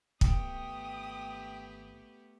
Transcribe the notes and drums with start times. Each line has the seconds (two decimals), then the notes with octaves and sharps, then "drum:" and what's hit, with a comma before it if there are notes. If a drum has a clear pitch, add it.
0.21 G#1 A3 B3 G4 G5 D#6, drum: kick